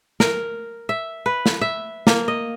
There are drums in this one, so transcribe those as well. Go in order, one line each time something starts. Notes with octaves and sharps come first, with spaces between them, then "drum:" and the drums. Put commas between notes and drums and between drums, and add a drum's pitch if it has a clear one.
A#4, drum: snare
E5
B4
drum: snare
E5
A#3, drum: snare
D#5